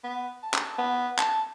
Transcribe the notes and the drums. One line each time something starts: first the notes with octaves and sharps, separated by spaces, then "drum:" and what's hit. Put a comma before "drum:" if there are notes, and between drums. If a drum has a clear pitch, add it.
B3
A5
drum: clap
B3
A5, drum: clap